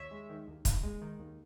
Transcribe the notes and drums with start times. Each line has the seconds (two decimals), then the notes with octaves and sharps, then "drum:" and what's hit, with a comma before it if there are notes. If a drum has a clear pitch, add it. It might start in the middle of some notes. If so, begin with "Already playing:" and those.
Already playing: D#2 C#5 E5
0.11 G#3
0.29 D#3
0.48 D#2
0.65 D#2, drum: kick, hi-hat
0.83 G#3
1.02 D#3
1.19 D#2